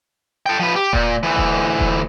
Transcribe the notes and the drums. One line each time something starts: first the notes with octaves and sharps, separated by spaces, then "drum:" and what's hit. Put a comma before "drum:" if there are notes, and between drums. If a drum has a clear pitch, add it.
A4 G5
F3 B4
G4
A#2, drum: kick E1
D2 E3
drum: kick E1
drum: kick E1